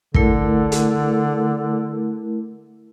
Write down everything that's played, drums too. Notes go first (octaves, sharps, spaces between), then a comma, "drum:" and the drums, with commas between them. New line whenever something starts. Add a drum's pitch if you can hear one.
D3 A3 E4 A#4, drum: kick
drum: hi-hat